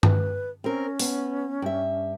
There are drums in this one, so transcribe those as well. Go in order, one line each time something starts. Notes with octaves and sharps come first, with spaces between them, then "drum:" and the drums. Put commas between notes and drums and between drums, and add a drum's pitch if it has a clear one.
B4, drum: tom G2
C4 C#4 A#4
B3, drum: open hi-hat
G2 E5